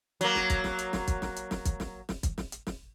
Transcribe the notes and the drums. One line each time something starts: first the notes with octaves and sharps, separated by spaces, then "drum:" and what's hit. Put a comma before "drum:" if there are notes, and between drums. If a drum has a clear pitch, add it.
F#3 A#3, drum: hi-hat
drum: snare
drum: kick, hi-hat
drum: snare
drum: hi-hat
drum: snare
drum: kick, hi-hat
drum: snare
drum: hi-hat
drum: snare
drum: kick, hi-hat
drum: snare
drum: snare
drum: kick, hi-hat
drum: snare
drum: hi-hat
drum: snare